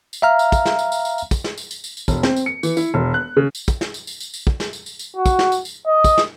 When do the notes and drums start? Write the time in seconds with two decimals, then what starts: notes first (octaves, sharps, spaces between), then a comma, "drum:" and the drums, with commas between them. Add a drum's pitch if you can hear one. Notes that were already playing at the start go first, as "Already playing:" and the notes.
0.13 drum: tambourine
0.22 E5 F5 A#5 F6
0.39 drum: tambourine
0.52 drum: kick, tambourine
0.65 drum: snare
0.79 drum: tambourine
0.92 drum: tambourine
1.05 drum: tambourine
1.18 drum: tambourine
1.31 drum: kick, tambourine
1.44 drum: snare
1.58 drum: tambourine
1.71 drum: tambourine
1.84 drum: tambourine
1.97 drum: tambourine
2.08 E1, drum: kick, tambourine
2.23 C4, drum: snare
2.36 drum: tambourine
2.46 C#7
2.63 E3, drum: tambourine
2.77 E4, drum: tambourine
2.94 E1
3.14 F#6
3.37 C#3
3.55 drum: tambourine
3.68 drum: kick, tambourine
3.81 drum: snare
3.94 drum: tambourine
4.07 drum: tambourine
4.20 drum: tambourine
4.34 drum: tambourine
4.47 drum: kick
4.60 drum: snare
4.73 drum: tambourine
4.86 drum: tambourine
4.99 drum: tambourine
5.17 F#4
5.26 drum: kick, tambourine
5.39 drum: snare
5.52 drum: tambourine
5.65 drum: tambourine
5.87 D#5
6.04 drum: kick, tambourine
6.18 drum: snare